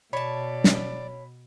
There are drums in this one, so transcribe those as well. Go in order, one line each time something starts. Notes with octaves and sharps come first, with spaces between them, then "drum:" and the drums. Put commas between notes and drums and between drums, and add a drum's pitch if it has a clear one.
B2 C#5 D5 A5 B5
drum: snare